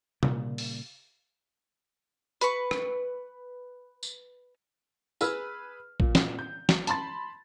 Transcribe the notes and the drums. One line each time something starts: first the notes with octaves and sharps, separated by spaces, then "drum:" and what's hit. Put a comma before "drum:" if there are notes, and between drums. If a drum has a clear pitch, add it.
A#2 C#3 G3, drum: tom C3
drum: open hi-hat
B4 C#6, drum: hi-hat
drum: rim click
drum: tambourine
G#4 B4 E6 F6, drum: tambourine
A#2, drum: kick A1
drum: snare
G6
drum: snare
A5 B5 C6 A6, drum: hi-hat